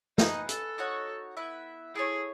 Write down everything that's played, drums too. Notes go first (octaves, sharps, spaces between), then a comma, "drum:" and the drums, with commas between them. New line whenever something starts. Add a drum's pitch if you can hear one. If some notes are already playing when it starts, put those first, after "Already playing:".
D#4 G#4 B4 F#5, drum: snare
A4, drum: hi-hat
D#4 F#4 C#5 F#5
B3 E4 B4 E5
E4 G#4 A4 C#5